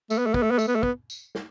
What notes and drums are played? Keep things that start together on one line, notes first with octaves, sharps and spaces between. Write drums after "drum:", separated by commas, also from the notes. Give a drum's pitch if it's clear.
A3, drum: tambourine
B3
A3
B3, drum: kick
A3
B3
A3, drum: tambourine
B3
A3
B3, drum: kick
drum: tambourine
drum: snare